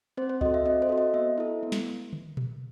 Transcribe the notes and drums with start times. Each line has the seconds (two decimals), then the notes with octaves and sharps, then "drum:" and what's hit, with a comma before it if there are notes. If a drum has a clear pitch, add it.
0.17 C4 C5
0.29 C5
0.41 F#4 A4 D#5, drum: kick
0.54 E5
0.66 C4 D#5
0.82 C5
0.89 F#4 A4
0.98 D#5
1.13 B3 E5
1.38 E4 A4
1.63 B3
1.72 drum: snare
2.13 drum: tom
2.37 drum: tom A#2